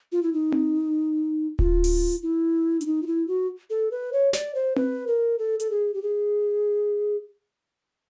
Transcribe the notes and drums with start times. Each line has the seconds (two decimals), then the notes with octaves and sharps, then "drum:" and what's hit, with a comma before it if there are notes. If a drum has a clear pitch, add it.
0.12 F4
0.23 E4
0.33 D#4
0.52 drum: tom C4
1.59 F4, drum: kick D1
1.84 drum: open hi-hat
2.22 E4
2.81 D4, drum: hi-hat
2.86 D#4
3.03 F4
3.07 E4
3.28 F#4
3.70 A4
3.91 B4
4.13 C#5
4.33 D5, drum: snare
4.55 C5
4.76 B4, drum: tom C4
5.07 A#4
5.39 A4
5.60 A4, drum: hi-hat
5.71 G#4
5.94 G4
6.02 G#4